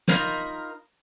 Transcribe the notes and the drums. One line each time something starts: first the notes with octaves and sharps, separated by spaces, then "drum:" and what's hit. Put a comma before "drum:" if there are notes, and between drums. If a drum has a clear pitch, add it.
D#4 F4 A#4 B5, drum: snare